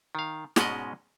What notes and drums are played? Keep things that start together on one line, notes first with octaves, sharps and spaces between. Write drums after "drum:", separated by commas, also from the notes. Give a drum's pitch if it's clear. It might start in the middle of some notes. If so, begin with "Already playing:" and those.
D#3 F5
G#2 B2 G#3 C#4 D5 D#5, drum: snare